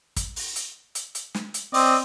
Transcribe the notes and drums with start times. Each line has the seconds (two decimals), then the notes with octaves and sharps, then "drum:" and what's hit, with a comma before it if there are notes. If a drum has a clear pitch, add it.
0.17 drum: kick, hi-hat
0.36 drum: open hi-hat
0.56 drum: hi-hat
0.95 drum: hi-hat
1.15 drum: hi-hat
1.35 drum: snare
1.54 drum: hi-hat
1.74 C4 D5 D#5, drum: open hi-hat